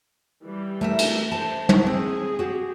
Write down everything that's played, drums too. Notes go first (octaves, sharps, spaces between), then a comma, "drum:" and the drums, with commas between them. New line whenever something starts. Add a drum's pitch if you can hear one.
E3 G3
A3 A#4 E5
drum: cymbal
C5 A5
drum: tom
C4 G#4
F#4 G4